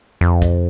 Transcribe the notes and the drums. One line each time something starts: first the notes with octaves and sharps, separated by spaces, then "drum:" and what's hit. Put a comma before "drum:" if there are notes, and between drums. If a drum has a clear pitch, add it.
F2
drum: kick, hi-hat